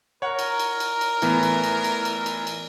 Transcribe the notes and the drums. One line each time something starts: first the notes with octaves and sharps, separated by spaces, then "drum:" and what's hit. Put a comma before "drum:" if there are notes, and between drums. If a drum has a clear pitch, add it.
A#4 C#5 F#5
drum: cymbal
drum: cymbal
drum: cymbal
drum: cymbal
A2 E3 B3, drum: cymbal
drum: cymbal
drum: cymbal
drum: cymbal
drum: cymbal
drum: cymbal
drum: cymbal